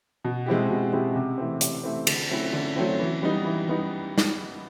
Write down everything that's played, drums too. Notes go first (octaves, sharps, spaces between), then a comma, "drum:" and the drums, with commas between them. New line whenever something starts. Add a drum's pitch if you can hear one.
B2
G#3 C4 E4 G4
B2
G#3 C4 E4 G4
C3
E3 A3 C4
C3, drum: hi-hat
E3 A3 C4
D3, drum: cymbal
F#3 A3 C4 E4
D3
F#3 A3 C4 E4
E3
G3 B3 D#4
E3
G3 B3 D#4
drum: snare